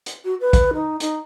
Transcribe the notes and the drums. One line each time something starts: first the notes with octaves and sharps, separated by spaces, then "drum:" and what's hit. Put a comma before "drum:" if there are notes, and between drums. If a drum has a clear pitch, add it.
drum: hi-hat
F#4
B4
drum: kick, hi-hat
D#4
D#4, drum: hi-hat